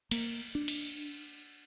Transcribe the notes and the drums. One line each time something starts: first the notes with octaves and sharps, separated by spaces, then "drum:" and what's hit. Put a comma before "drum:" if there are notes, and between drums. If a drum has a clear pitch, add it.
A#3, drum: cymbal
D4
drum: cymbal